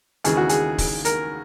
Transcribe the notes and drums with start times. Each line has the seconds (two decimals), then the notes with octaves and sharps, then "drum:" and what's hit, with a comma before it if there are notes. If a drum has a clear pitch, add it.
0.24 D#2 C#3 E3 G#4, drum: hi-hat
0.37 F#4
0.49 G#4, drum: hi-hat
0.78 drum: kick, open hi-hat
1.05 A#4, drum: hi-hat